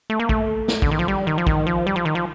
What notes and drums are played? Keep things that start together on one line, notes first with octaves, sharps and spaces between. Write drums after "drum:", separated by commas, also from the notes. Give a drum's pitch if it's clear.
A3
A#3
A3, drum: kick
drum: snare
D3, drum: kick
D#3
F3
G3
D#3
F3
D#3, drum: kick
F3
G3
F3
D#3
F3